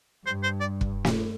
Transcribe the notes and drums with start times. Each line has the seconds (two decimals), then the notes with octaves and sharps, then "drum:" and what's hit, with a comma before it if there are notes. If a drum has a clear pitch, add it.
0.26 G2 C5
0.43 C5
0.60 D5
0.81 drum: kick
1.05 drum: snare